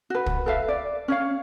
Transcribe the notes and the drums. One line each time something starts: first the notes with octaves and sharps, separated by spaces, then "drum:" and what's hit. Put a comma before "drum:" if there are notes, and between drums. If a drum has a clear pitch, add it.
F#4 B4
drum: kick
A4 B4 E5 F5
D5
C#4 C#5 F5